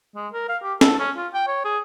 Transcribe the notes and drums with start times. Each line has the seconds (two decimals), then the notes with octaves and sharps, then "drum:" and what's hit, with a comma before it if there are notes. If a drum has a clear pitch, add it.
0.15 G#3
0.33 A#4
0.49 F5
0.63 G4
0.81 A4, drum: snare
0.99 C#4
1.17 F4
1.34 G5
1.47 C#5
1.65 G#4